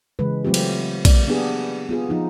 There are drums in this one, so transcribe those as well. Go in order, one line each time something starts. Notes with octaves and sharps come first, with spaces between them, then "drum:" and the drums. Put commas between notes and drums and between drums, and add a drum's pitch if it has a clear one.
C#3 E3 G#3 B4
F#3 A3 C4 F4 G4
drum: cymbal
A#3 D5, drum: kick A#1, cymbal
B3 D4 G4 G#4
B3 F4 G#4
F3 D#4 F4